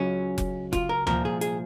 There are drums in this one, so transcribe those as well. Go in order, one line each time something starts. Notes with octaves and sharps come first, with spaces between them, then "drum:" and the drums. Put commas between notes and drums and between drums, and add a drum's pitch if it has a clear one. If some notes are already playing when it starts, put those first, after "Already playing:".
Already playing: C#2 C#3 F#3 C#4
drum: kick F1, hi-hat
F4, drum: kick F1, hi-hat
A#4
C2 A#2 F3 A#4, drum: tom D2
G#4
G#4, drum: hi-hat